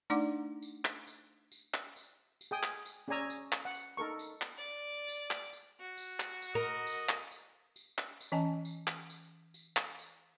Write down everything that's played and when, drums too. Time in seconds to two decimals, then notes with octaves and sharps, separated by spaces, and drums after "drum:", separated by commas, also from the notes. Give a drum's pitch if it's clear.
0.10 A3 D4 D#4 D5 F#5 D6
0.63 drum: tambourine
0.85 drum: clap
1.07 drum: tambourine
1.52 drum: tambourine
1.74 drum: clap
1.96 drum: tambourine
2.41 drum: tambourine
2.51 G#4 G5 D#6
2.63 drum: clap
2.85 drum: tambourine
3.08 C#4 G#4 D5 G#5 A#5 E6
3.30 drum: tambourine
3.52 drum: clap
3.65 F#5
3.75 drum: tambourine
3.97 D#4 A4 A#4 C#6
4.19 drum: tambourine
4.41 drum: clap
4.58 D5
5.08 drum: tambourine
5.31 drum: clap
5.53 drum: tambourine
5.81 F#4
5.98 drum: tambourine
6.20 drum: clap
6.42 drum: tambourine
6.55 A#4 D#5
6.87 drum: tambourine
7.09 drum: clap
7.31 drum: tambourine
7.76 drum: tambourine
7.98 drum: clap
8.20 drum: tambourine
8.32 E3 C#4 D#5 G#5 A5
8.65 drum: tambourine
8.87 drum: clap
9.10 drum: tambourine
9.54 drum: tambourine
9.77 drum: clap
9.99 drum: tambourine